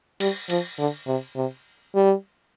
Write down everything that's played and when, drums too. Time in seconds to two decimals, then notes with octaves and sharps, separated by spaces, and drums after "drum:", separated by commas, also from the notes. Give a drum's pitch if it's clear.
0.20 G3, drum: cymbal
0.50 F3, drum: cymbal
0.79 D3
1.07 C3
1.36 C3
1.95 G3